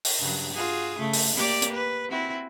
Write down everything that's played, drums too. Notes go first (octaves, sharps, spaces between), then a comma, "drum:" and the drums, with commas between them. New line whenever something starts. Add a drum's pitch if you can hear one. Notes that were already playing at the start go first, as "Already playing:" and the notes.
drum: open hi-hat
G2 C#3 F#3
F4 F#4 G#4
C#3 A3
drum: open hi-hat
A#3 G4 D5
drum: hi-hat
B4
C4 E4 F#4